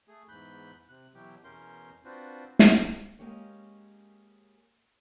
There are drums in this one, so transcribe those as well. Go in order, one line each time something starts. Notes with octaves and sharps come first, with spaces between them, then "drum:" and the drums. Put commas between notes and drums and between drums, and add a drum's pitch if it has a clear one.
A3 G#4
E2 G#2 B5 F#6 G6
C3 F#6
B2 E3 F#3 G4
E2 B2 C#4 A#4 C6 G6
C4 D4 F4 F#4 B4 C5
drum: snare
G#3 A#3 C#4 G4 C#5